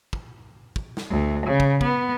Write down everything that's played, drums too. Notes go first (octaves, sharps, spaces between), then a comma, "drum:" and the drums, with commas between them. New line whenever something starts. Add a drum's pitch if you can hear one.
drum: kick
drum: kick
drum: snare
D2
C#3
drum: kick
B3, drum: kick